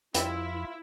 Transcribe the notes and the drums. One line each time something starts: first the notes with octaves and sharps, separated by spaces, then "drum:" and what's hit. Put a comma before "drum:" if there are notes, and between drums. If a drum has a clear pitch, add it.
F2 G3 E4 F4 B5, drum: hi-hat